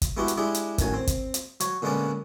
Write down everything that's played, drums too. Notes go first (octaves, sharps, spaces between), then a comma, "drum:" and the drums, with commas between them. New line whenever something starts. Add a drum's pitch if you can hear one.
drum: kick, hi-hat
G#3 B3 E4 F#4 G4
drum: hi-hat
G#3 D4 E4 G4 G#4
drum: hi-hat
A1 D#3 F#3 G#5, drum: kick, hi-hat
C4
drum: kick, hi-hat
drum: hi-hat
F#3 C#5, drum: hi-hat
A#2 D3 G#3 B3 C#4 D5